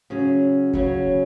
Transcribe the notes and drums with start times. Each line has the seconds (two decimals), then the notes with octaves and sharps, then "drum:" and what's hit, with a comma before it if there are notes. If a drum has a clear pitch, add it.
0.10 C#3 F#3 C#4
0.73 C#3 F#3 C#4, drum: kick